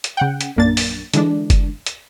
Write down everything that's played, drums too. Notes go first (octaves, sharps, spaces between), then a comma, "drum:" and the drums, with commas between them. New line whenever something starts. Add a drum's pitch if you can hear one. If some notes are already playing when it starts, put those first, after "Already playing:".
drum: hi-hat
C#3 F#5 G5
drum: hi-hat
A#1 F#2 A#3 D4 A6
drum: open hi-hat
D3 E3 G#3 D4, drum: hi-hat
drum: kick F#1, hi-hat
drum: hi-hat